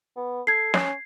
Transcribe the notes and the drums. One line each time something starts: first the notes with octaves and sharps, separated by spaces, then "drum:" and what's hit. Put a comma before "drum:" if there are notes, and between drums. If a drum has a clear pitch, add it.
B3
A4 G#6 C7
C#4, drum: snare